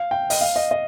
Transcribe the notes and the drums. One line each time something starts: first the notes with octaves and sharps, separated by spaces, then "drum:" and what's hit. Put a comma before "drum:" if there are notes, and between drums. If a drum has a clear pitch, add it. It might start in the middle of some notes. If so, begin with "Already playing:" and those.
Already playing: F5
G5
D#5, drum: open hi-hat
F5
D#5
D#5